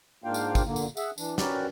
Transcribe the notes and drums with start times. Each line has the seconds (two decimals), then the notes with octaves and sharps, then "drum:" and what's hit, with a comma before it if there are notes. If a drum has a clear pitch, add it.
0.24 G#2 A#3 D4 F4 F5 G5
0.34 drum: tambourine
0.55 drum: kick G#1, tambourine
0.65 A#2 D3 A#3
0.76 drum: tambourine
0.97 G#4 E5 F#5, drum: tambourine
1.18 E3 D4, drum: tambourine
1.38 C#4 F#4 G4 A#4 B4 D5, drum: snare